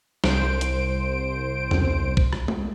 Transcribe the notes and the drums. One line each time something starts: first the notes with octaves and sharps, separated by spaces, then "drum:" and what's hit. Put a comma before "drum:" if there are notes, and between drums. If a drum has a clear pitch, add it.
C2 C5 D7, drum: snare
drum: hi-hat
drum: tom E2
drum: kick B1
drum: rim click
drum: tom G#3